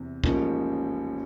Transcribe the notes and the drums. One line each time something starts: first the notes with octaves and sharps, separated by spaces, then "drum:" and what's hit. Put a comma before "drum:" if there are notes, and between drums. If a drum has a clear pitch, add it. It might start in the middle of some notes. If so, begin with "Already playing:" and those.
Already playing: E2 C3
A1 G#2 F3 A#3 C#4, drum: kick